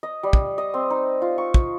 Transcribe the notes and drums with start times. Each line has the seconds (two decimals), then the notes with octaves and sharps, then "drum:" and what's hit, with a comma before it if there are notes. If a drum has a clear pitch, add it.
0.03 D#5
0.23 G3
0.33 drum: kick
0.58 D#5
0.74 C4
0.90 D#4
1.22 F4
1.38 C#6
1.54 drum: kick